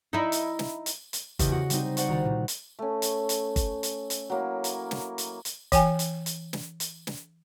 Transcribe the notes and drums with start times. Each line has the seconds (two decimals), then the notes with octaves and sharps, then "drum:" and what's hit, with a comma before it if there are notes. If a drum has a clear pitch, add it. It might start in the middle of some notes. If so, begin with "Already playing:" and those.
0.13 D#4 E4
0.32 drum: hi-hat
0.59 drum: snare
0.86 drum: hi-hat
1.13 drum: hi-hat
1.39 E2 C#3 G4 D#5, drum: kick G1, hi-hat
1.52 F#4
1.70 G3 C4 D#4, drum: hi-hat
1.97 C5 D5 F#5 C#6, drum: hi-hat
2.08 C2 D#3 F#4 A#5
2.25 A#2
2.48 drum: hi-hat
2.79 A3 C#4
3.02 drum: hi-hat
3.29 drum: hi-hat
3.56 drum: kick G1, hi-hat
3.83 drum: hi-hat
4.10 drum: hi-hat
4.30 F#3 A#3 E4
4.64 drum: hi-hat
4.91 drum: snare
5.18 drum: hi-hat
5.45 drum: hi-hat
5.72 E3 G5 G#5, drum: kick G1, hi-hat
5.99 drum: hi-hat
6.26 drum: hi-hat
6.53 drum: snare
6.80 drum: hi-hat
7.07 drum: snare